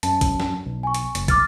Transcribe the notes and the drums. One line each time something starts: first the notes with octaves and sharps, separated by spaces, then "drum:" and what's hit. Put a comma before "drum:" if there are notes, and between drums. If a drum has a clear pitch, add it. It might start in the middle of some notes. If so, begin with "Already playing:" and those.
F#2 A5, drum: hi-hat
drum: kick, hi-hat
drum: snare
B1
G#5 C#6
drum: hi-hat
F#1, drum: hi-hat
D6 F6 A6, drum: kick, hi-hat